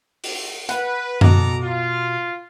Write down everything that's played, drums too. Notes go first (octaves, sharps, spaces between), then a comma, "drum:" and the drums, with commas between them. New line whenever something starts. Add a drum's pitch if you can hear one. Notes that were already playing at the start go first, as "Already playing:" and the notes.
drum: open hi-hat
B4 F#5, drum: hi-hat
B2 F#4 A4 A#5 D6, drum: tom F#2
F4